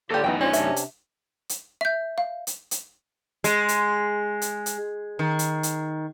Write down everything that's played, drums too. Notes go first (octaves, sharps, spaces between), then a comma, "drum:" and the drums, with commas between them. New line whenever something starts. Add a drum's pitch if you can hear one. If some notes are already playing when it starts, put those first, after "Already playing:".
D3 A#3 F4 G4 A4 C#5 D5
F#2 E3 B3 D#4 G5
C#4 D4 F4 C5
C3 D4 E5, drum: hi-hat
drum: hi-hat
drum: hi-hat
E5 G6
F5
drum: hi-hat
drum: hi-hat
G#3, drum: hi-hat
drum: hi-hat
drum: hi-hat
drum: hi-hat
D#3
drum: hi-hat
drum: hi-hat